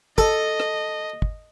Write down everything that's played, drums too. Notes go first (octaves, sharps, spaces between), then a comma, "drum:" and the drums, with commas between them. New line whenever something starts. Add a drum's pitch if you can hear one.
A4 D#5, drum: kick
drum: rim click
drum: kick